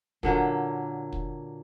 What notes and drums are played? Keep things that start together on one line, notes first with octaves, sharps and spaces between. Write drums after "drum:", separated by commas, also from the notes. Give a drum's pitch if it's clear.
A#2 D3 F#3 A#3, drum: kick
drum: kick